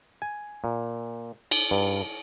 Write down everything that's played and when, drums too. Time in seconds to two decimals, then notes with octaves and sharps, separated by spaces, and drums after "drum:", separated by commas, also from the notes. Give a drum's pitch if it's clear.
0.22 G#5
0.64 A#2
1.51 drum: cymbal
1.71 G2